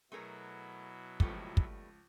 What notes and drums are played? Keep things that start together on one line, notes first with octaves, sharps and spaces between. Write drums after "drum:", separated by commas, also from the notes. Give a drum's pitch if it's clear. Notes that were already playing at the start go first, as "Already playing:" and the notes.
B2 F#3 A3 E4 G#4 A#4
C#2 F3 G3 A3 B3, drum: kick
drum: kick